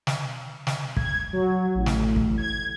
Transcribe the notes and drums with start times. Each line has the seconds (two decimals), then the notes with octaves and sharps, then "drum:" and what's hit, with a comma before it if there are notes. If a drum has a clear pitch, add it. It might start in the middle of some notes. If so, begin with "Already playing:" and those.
0.07 drum: snare
0.67 drum: snare
0.97 G#6, drum: kick
1.33 F#3
1.75 A1
1.86 drum: snare
2.16 drum: kick
2.38 G#6